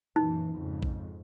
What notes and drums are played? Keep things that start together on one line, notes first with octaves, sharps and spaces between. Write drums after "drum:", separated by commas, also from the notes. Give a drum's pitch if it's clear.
F#2 A#2 E3 D#4
F2 G#2 C#3
drum: kick A#1